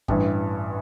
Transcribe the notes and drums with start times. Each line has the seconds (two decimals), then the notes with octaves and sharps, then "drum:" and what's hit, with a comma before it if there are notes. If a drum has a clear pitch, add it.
0.08 A1 G2 E3, drum: kick G1